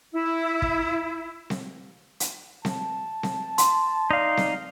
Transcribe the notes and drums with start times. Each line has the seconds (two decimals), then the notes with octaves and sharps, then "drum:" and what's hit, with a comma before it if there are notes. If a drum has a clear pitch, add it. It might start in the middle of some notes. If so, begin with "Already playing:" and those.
0.13 E4
0.62 drum: kick
1.50 drum: snare C4
2.20 drum: hi-hat
2.65 A5, drum: snare C4
3.23 drum: snare C4
3.58 C6, drum: hi-hat
4.11 D#4 D5 F5
4.37 drum: snare C4